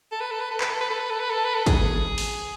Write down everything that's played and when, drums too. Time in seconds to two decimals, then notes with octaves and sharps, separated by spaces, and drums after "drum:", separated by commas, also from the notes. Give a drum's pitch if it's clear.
0.12 A4
0.21 B4
0.31 A4
0.41 B4
0.51 A4
0.61 B4, drum: clap
0.70 A4
0.81 B4
0.90 A4
1.00 B4
1.11 A4
1.20 B4
1.30 A4
1.45 B4
1.55 A4
1.66 G#4, drum: kick, hi-hat
2.18 drum: open hi-hat